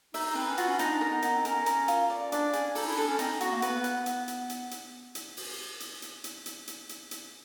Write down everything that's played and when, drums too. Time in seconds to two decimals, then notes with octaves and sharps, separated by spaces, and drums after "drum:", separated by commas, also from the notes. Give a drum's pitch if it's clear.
0.14 D#4 E5, drum: open hi-hat
0.25 D#4
0.35 C4 B4
0.46 C#4
0.58 F4 F#4, drum: hi-hat
0.68 C#4
0.79 D4 D#4, drum: hi-hat
0.90 D4
1.00 C#4 A#4
1.11 B3
1.22 B3 D#4, drum: hi-hat
1.34 C4
1.45 C#4 A#4, drum: hi-hat
1.66 A#4, drum: hi-hat
1.88 F4, drum: hi-hat
2.10 D5
2.32 D4 D5, drum: hi-hat
2.53 C#4 G#4, drum: hi-hat
2.75 D#4 A4, drum: open hi-hat
2.86 E4
2.97 D4 A4
3.08 C#4
3.19 C4 D#4, drum: hi-hat
3.41 B3 F#4, drum: hi-hat
3.52 A#3
3.62 B3 B4, drum: hi-hat
3.84 F#5, drum: hi-hat
4.06 drum: hi-hat
4.28 drum: hi-hat
4.50 drum: hi-hat
4.71 drum: hi-hat
5.15 drum: hi-hat
5.37 drum: open hi-hat
5.80 drum: hi-hat
6.02 drum: hi-hat
6.24 drum: hi-hat
6.46 drum: hi-hat
6.67 drum: hi-hat
6.89 drum: hi-hat
7.11 drum: hi-hat